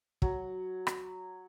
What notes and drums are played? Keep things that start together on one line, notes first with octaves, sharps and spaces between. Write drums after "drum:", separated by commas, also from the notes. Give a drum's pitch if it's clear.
F#3, drum: kick
drum: rim click